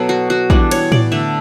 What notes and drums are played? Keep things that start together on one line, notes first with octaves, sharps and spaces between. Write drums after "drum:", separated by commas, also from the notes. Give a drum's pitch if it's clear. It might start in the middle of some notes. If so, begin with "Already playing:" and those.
Already playing: B2 F#3 B3 A4
F#4
F#4
E3 G3 B3 D4, drum: kick
C#5, drum: cymbal
D5, drum: tom A2
D3 A3 E5